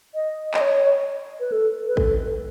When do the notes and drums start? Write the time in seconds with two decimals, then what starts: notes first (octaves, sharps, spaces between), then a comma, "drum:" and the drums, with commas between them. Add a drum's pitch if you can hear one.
0.15 D#5
0.54 D#5, drum: clap
0.61 C#5
1.40 B4
1.52 A4
1.87 B4
1.97 A4, drum: kick A1